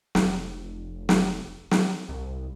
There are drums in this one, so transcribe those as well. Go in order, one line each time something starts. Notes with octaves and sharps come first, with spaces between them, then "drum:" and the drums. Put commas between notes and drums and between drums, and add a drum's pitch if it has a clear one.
F1, drum: snare
drum: snare
drum: snare
C2